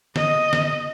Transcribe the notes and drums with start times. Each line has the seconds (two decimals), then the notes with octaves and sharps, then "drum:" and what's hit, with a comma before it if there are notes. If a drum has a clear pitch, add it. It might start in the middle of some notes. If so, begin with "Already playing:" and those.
0.16 D#5, drum: snare
0.53 drum: snare